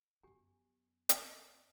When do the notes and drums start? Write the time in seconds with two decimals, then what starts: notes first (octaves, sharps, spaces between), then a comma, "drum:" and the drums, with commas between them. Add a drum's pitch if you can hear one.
0.23 F#2 B3 G4 G#5
1.09 drum: hi-hat